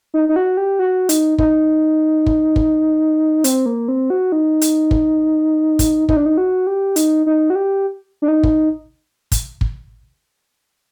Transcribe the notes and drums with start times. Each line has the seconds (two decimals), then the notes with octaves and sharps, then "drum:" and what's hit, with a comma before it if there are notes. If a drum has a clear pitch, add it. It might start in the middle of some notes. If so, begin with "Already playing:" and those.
0.14 D#4
0.29 D#4
0.36 F#4
0.57 G4
0.79 F#4
1.09 D#4, drum: hi-hat
1.38 D#4, drum: kick
2.26 drum: kick
2.56 drum: kick
3.44 C4, drum: hi-hat
3.66 A#3
3.88 C4
4.10 F#4
4.32 D#4
4.61 drum: hi-hat
4.91 drum: kick
5.79 drum: kick, hi-hat
6.09 D#4, drum: kick
6.17 D4
6.26 D#4
6.38 F#4
6.67 G4
6.96 D#4, drum: hi-hat
7.26 D#4
7.50 F#4
7.55 G4
8.22 D4
8.28 D#4
8.43 drum: kick
9.32 drum: kick, hi-hat
9.61 drum: kick